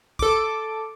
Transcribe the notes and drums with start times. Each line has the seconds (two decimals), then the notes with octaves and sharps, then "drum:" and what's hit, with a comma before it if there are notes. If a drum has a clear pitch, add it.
0.19 A4 D6, drum: kick A1